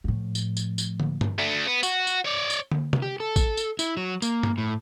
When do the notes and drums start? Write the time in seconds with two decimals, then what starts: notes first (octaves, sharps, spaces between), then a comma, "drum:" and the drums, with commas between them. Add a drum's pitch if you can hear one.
0.04 A2 F3
0.35 drum: tambourine
0.57 drum: tambourine
0.78 drum: tambourine
1.00 drum: tom
1.21 drum: tom G2
1.38 A3 D4
1.67 B3
1.83 F#4, drum: tambourine
2.07 drum: tambourine
2.25 C#5 D5
2.50 drum: tambourine
2.72 drum: tom
2.93 drum: tom
3.02 G4
3.20 A4
3.36 drum: kick, tambourine
3.57 drum: tambourine
3.79 E4, drum: tambourine
3.97 F#3
4.22 A#3, drum: tambourine
4.43 drum: tom G2
4.58 A2